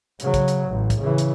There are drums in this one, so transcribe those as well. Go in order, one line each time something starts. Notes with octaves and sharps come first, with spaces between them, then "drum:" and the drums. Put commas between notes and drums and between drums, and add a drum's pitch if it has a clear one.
C#3 F#3, drum: hi-hat
drum: kick, hi-hat
drum: hi-hat
A1
drum: kick, hi-hat
C#3 E3
drum: hi-hat